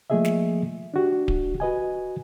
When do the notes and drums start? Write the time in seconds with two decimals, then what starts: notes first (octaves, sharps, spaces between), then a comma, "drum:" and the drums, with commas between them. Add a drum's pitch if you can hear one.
0.10 F3 A3 A#3 G#4 D#5 E5
0.25 drum: snare
0.94 D4 F#4 G4
1.28 drum: kick D1
1.60 F#4 B4 D#5 G#5